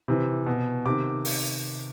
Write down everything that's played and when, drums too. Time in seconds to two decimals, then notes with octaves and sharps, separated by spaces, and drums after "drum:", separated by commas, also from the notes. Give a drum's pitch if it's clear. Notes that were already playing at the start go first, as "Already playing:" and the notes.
0.08 C3 E3
0.46 B2
0.86 C3 D#3 D6
1.25 drum: open hi-hat